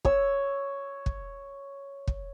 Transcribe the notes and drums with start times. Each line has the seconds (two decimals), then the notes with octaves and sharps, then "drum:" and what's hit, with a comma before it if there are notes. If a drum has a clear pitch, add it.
0.05 C#5 E6, drum: kick
1.06 drum: kick
2.07 drum: kick